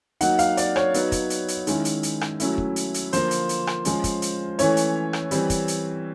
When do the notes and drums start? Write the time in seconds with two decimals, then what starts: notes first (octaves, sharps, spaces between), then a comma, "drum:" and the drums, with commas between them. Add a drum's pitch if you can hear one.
0.21 F#3 A#3 D#4 F#5, drum: hi-hat
0.39 F5, drum: hi-hat
0.57 D5, drum: hi-hat
0.76 C#5, drum: rim click
0.94 F#3 B3 D#4, drum: hi-hat
1.12 drum: kick, hi-hat
1.30 drum: hi-hat
1.48 drum: hi-hat
1.67 D#3 G#3 C#4 E4, drum: hi-hat
1.85 drum: hi-hat
2.03 drum: hi-hat
2.21 drum: rim click
2.40 F#3 A3 C#4 E4, drum: hi-hat
2.58 drum: kick
2.76 drum: hi-hat
2.94 drum: hi-hat
3.13 D3 F3 A#3 C5, drum: hi-hat
3.31 drum: hi-hat
3.49 drum: hi-hat
3.67 drum: rim click
3.85 F3 G#3 C#4, drum: hi-hat
4.04 drum: kick, hi-hat
4.22 drum: hi-hat
4.59 E3 A3 C#4 E4 C#5, drum: hi-hat
4.77 drum: hi-hat
5.13 drum: rim click
5.31 E3 G3 C4, drum: hi-hat
5.50 drum: kick, hi-hat
5.68 drum: hi-hat